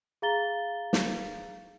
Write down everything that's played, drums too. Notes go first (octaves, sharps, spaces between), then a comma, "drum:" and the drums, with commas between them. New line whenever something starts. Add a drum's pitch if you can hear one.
G#4 F5 A#5 A6 G7
drum: snare